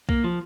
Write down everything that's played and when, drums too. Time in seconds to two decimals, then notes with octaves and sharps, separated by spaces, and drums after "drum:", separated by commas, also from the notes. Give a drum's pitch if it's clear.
0.09 A#3, drum: kick B1
0.24 F3